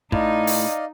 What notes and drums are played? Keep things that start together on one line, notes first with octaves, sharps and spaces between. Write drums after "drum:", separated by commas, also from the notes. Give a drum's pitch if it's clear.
A2 D#4 D5 D#5 F5, drum: kick
drum: open hi-hat